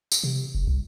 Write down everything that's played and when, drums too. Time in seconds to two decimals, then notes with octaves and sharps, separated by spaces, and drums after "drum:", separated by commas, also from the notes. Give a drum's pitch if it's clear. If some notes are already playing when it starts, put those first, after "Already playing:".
0.12 drum: tambourine
0.24 C3
0.55 F#1
0.67 C2